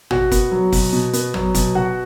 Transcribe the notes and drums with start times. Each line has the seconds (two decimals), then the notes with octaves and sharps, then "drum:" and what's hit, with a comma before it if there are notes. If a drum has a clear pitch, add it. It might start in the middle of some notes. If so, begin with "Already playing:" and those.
0.11 B2 F#4 F#5, drum: tom G#1
0.31 B3, drum: kick, hi-hat
0.52 F#3
0.72 B2, drum: kick, open hi-hat
0.93 B2
1.13 B3, drum: hi-hat
1.34 F#3, drum: tom G#1
1.54 B2, drum: kick, hi-hat
1.75 B2 F#4 F#5